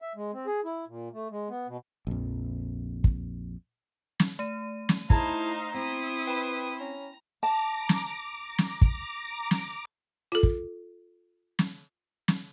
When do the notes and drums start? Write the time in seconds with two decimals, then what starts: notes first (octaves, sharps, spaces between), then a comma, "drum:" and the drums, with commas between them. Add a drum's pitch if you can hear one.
0.02 E5
0.16 G#3
0.33 C4
0.47 G#4
0.65 E4
0.88 A#2
1.13 A3
1.31 G#3
1.49 B3
1.67 B2
2.07 A#1 F2
3.04 drum: kick
4.20 drum: snare
4.39 A3 D#7
4.89 drum: snare
5.10 D#4 E4 G#4 C5 F5 A5 A#5, drum: kick
5.74 C4 E4 C5 D#6
6.27 B4 G5 B5
6.80 C#4 A#5
7.43 A5 A#5 D6
7.89 drum: snare
8.58 drum: snare
8.82 drum: kick
9.51 drum: snare
10.32 F4 A4
10.43 drum: kick
11.59 drum: snare
12.28 drum: snare